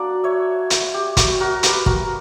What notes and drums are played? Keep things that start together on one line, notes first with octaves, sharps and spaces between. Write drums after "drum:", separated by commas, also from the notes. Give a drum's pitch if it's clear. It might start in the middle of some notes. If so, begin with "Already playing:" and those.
Already playing: F#3 A#3 D4 D5 F#5
C#5 E5
drum: hi-hat
G4
F#4, drum: kick, hi-hat
F#4 A#4
G4 B4, drum: hi-hat
F#4 A#4, drum: kick